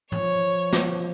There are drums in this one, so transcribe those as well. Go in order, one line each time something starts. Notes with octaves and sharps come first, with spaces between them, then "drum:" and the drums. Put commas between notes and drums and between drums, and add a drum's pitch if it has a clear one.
F3 C#5, drum: tom
drum: snare